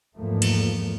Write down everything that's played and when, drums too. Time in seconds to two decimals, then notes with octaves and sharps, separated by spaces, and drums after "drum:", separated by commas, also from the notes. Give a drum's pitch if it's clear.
0.17 E2 G#2 F3 A3 A#3
0.42 drum: cymbal